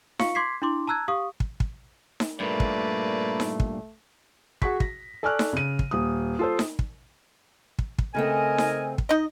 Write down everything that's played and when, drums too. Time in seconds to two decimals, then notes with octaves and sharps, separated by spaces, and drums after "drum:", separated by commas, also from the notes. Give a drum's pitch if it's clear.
0.19 F4 F5 C#6 C#7, drum: snare D#4
0.35 C6 D6 G#6 B6 C7
0.62 D4 E4 C6 D6
0.87 A5 A#5 E6 F#6 G#6
1.08 G4 F5 C#6 D#6
1.40 drum: kick
1.60 drum: kick
2.20 drum: snare D#4
2.40 G2 A#2 A3 A#3 B4 D5
2.60 drum: kick
3.40 drum: snare D#4
3.60 drum: kick
4.62 F#4 G#4 C#6 B6, drum: kick
4.80 A#6, drum: kick
5.23 A4 D5 G#5 C#6 F6 F#6
5.39 drum: snare D#4
5.53 C#3 D#7
5.79 drum: kick
5.91 D#1 D#6
6.39 F4 A4 C5
6.59 drum: snare D#4
6.79 drum: kick
7.79 drum: kick
7.98 drum: kick
8.15 C#3 A3 C4 A#4 D#5 G#5
8.58 drum: snare D#4
8.98 drum: kick
9.09 D#4 D#5